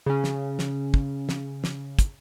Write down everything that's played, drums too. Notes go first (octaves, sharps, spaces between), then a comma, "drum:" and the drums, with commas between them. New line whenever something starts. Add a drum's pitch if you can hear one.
C#3 C#4
drum: snare
drum: snare
drum: kick
drum: snare
drum: snare
drum: kick, hi-hat